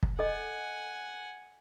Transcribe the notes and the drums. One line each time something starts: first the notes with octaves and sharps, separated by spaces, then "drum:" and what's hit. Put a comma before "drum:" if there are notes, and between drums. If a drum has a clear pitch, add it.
drum: kick
A4 D#5 F#5 G#5